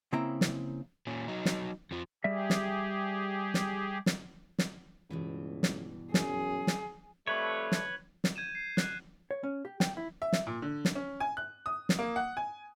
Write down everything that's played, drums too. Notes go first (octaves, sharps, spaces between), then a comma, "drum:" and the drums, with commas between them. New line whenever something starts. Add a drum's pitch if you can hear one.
C#3 A#3 C4 E4 A#5
drum: snare
A#2 C#4
F#3 D#4
drum: snare
F2 F3
G3 G4 G#4 E5
drum: snare
drum: snare
drum: snare
drum: snare
C#2 G2 B2 E3
drum: snare
F#2 G#4, drum: snare
drum: snare
F2 G3 A3 B4 C#5
drum: snare
drum: snare
G6 G#6 D#7 E7
C7
F#6, drum: snare
C#5
C#4
G4
G5, drum: snare
E4
E5
drum: snare
A#2
D3
drum: snare
C#4
G#5
F#6
D#6
drum: snare
A#3
F#5
G#5